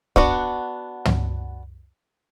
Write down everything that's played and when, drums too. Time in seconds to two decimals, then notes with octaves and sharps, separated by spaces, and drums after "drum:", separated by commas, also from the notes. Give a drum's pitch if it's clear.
0.16 B3 D4 F#4, drum: kick
1.05 drum: tom